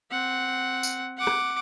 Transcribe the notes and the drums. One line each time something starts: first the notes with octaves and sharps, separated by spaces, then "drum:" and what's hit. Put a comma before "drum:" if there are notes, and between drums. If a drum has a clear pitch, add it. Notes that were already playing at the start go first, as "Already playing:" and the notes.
C4 F#5
drum: tambourine
F#5 D6
drum: rim click